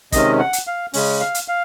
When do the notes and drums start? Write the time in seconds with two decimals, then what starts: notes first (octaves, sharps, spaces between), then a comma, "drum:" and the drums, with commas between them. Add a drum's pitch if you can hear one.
0.12 C3 D#3 G#3 C#4 D#5, drum: kick, hi-hat
0.39 F#5
0.53 drum: hi-hat
0.67 F5
0.94 C#3 G#3 C#4, drum: open hi-hat
1.20 F5
1.35 drum: hi-hat
1.48 F5